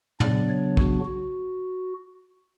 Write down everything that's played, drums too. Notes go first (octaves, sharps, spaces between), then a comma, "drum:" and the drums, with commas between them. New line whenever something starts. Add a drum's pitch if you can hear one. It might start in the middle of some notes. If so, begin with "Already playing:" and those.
C#3 F#3 B3 D4 D5, drum: tom
C#5
F#4, drum: kick
F#4